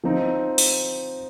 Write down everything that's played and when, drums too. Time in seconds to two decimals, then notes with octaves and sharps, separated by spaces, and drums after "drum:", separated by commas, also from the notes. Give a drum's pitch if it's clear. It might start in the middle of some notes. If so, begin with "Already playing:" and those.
0.04 F3 C4 D#4
0.58 drum: open hi-hat